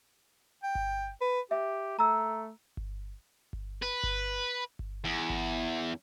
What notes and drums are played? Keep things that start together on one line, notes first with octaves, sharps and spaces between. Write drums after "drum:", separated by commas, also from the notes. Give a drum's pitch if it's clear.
G5
drum: kick G1
B4
G4 E5
A3 A#5 E6
drum: kick G1
drum: kick G1
B4
drum: kick G1
drum: kick G1
E2
drum: kick G1